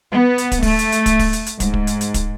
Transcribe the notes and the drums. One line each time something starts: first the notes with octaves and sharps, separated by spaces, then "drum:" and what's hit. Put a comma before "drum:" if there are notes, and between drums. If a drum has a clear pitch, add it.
B3
drum: hi-hat
drum: kick, hi-hat
A3, drum: kick, open hi-hat
drum: hi-hat
drum: hi-hat
drum: kick, hi-hat
drum: kick, open hi-hat
drum: hi-hat
drum: hi-hat
G#2, drum: kick, hi-hat
drum: kick
drum: hi-hat
drum: hi-hat
drum: kick, hi-hat